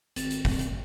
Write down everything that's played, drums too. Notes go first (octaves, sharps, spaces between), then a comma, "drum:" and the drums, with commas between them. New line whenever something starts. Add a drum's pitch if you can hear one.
G#1 C4 A6, drum: hi-hat
drum: hi-hat
drum: kick, open hi-hat
drum: hi-hat